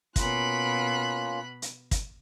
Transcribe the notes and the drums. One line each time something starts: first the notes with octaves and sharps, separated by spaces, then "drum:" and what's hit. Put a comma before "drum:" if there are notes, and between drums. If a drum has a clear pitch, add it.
B2 A#3 C#4 F4 B5 F#6, drum: kick, hi-hat
drum: hi-hat
drum: kick, hi-hat